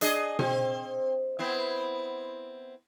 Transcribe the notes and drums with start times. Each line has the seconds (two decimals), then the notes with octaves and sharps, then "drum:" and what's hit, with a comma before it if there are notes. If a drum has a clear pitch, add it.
0.01 D4 G#4 D#5, drum: hi-hat
0.39 C4, drum: tom B2
1.39 B3 C4 E4